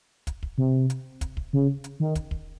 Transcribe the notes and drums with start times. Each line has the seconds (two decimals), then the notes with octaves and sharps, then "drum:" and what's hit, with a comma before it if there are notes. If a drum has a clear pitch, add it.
0.27 drum: kick, hi-hat
0.43 drum: kick
0.58 C3
0.90 drum: hi-hat
1.21 drum: kick, hi-hat
1.37 drum: kick
1.53 C#3
1.84 drum: hi-hat
2.00 D#3
2.15 drum: kick, hi-hat
2.31 drum: kick